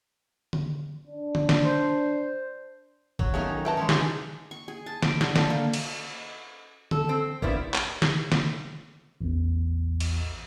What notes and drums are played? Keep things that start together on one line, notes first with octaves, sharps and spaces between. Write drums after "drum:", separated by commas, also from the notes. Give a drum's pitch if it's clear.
drum: tom D3
D4
drum: tom D3
drum: snare
C5
F#3, drum: kick
D#3 F3 A3 B3 C#4 D#4
E4 B4 G5 A5 A#5
E3 G#3 C#4
F#3 B3 D4 D#4 G#4, drum: snare
C#6
G#4
A5
D6, drum: snare
D3, drum: snare
A4, drum: snare
A#3
drum: cymbal
A4, drum: tom D3
C4
A#3 B3 D4 E4 C5, drum: kick
drum: clap
drum: snare
drum: snare
A1 E2
drum: cymbal